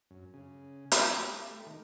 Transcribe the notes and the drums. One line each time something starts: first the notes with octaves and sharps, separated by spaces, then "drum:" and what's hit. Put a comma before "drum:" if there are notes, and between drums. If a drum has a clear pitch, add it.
F#2
C#3
A3, drum: hi-hat
G4
A3
D#3